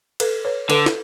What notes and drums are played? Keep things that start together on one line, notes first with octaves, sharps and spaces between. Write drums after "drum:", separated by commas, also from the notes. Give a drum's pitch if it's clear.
A4 B4, drum: cymbal
B4 C#5
D3 A4 B4, drum: cymbal
drum: snare